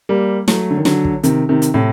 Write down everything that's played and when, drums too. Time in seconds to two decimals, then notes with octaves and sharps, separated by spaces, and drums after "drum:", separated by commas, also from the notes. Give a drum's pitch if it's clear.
0.09 G3 A#3
0.48 F#3 A3, drum: snare
0.71 D3
0.78 D#3
0.85 D3 F#3, drum: snare
1.05 drum: kick
1.23 C3 D#3, drum: hi-hat
1.49 C3 D#3
1.62 drum: hi-hat
1.74 A2 C3